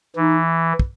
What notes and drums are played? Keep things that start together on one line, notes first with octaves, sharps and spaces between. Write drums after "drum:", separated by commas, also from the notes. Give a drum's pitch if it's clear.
E3 D#4
drum: kick